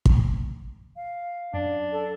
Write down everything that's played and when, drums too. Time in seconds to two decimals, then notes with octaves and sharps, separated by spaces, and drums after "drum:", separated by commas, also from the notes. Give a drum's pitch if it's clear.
0.06 drum: kick
0.96 F5
1.54 F#2 D4
1.92 A4